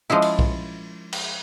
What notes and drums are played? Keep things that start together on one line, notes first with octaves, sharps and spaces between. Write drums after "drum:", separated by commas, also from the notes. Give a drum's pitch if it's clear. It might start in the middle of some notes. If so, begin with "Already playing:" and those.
F3 G#3 C#4 E4
drum: cymbal
drum: kick B1
drum: cymbal